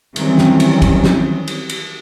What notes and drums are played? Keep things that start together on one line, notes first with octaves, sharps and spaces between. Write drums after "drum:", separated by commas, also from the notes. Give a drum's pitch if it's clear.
D#3 E3 F#3 G3 C4 C#4, drum: cymbal
drum: snare
drum: cymbal
drum: kick, cymbal
drum: snare
drum: cymbal
drum: cymbal